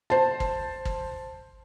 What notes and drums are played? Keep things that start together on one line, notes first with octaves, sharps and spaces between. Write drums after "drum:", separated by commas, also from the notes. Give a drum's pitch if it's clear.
C5 A5
drum: kick G#1
drum: kick G#1